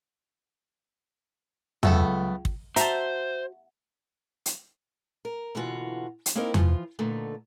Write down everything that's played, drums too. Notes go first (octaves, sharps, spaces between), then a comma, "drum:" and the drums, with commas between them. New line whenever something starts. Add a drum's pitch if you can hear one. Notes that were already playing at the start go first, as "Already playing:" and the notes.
C#2 F#3 A3 B3 A4, drum: tom E2
drum: kick
F#4 C5 E5 A5 A#5, drum: hi-hat
drum: hi-hat
A#4
B2 D3 E3 A#3 F4 F#4
drum: hi-hat
A#3 C4 D#4 E4 A#4 D#5
E3 F3 F4, drum: tom E2
A#2 D3 A3 B3 D#4